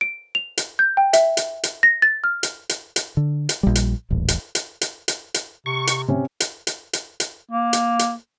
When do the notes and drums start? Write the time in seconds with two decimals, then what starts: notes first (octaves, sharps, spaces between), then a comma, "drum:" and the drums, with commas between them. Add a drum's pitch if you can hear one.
0.01 D7
0.35 F7
0.57 drum: hi-hat
0.79 G6
0.97 G5
1.13 E5, drum: hi-hat
1.37 drum: hi-hat
1.63 drum: hi-hat
1.83 A#6
2.02 A6
2.24 F6
2.43 drum: hi-hat
2.69 drum: hi-hat
2.96 drum: hi-hat
3.17 D3
3.49 drum: hi-hat
3.63 A#1 G3
3.75 drum: hi-hat
4.10 D#1 A1
4.28 drum: hi-hat
4.55 drum: hi-hat
4.81 drum: hi-hat
5.08 drum: hi-hat
5.34 drum: hi-hat
5.66 C3 C#6
5.87 drum: hi-hat
6.08 C3 C#4
6.40 drum: hi-hat
6.67 drum: hi-hat
6.93 drum: hi-hat
7.20 drum: hi-hat
7.51 A#3
7.73 drum: hi-hat
7.99 drum: hi-hat